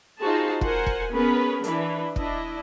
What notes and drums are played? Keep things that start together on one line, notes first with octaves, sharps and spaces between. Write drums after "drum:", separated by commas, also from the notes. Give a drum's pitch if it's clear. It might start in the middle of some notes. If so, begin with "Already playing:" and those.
D#4 F4 F#4 G#4 C5 A5
A#4 C5 F#5 G#5, drum: kick
drum: kick
B3 C#4 G#4 A#4 B4
E3 D4 B4, drum: hi-hat
D4 E4 D#5, drum: kick